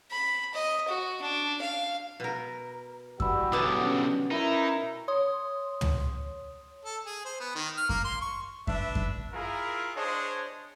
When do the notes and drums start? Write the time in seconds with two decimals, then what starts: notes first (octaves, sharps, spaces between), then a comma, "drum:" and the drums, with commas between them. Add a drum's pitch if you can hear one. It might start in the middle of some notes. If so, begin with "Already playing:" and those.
0.11 B5
0.54 D#5
0.88 F#4
1.21 D4
1.62 F5
2.20 B2 A#4
3.20 E3 G3 F#4 B5 E6, drum: kick F#2
3.52 B1 B2 D3 B3 F#5 A5 D6 D#6
3.83 C#4
4.31 C#4 D#4 E4 A#4 A#5
5.08 C#5 C6 D#6
5.81 drum: tom
6.85 A4
7.05 G#4
7.25 C5
7.40 B3
7.55 D#3
7.77 F6
7.89 A#3, drum: kick F#2
8.04 C6
8.21 C#6
8.67 D4 B4 E5, drum: kick F#2
8.95 drum: kick F#2
9.33 E4 F4 G#4 A#4
9.95 D4 G#4 C5 C#5 D#5